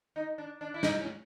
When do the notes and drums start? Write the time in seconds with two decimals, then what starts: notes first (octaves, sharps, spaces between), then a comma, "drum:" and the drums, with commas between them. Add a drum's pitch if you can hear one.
0.16 D#4
0.38 D4
0.61 D4
0.74 E4
0.83 D#4, drum: snare
1.00 C#4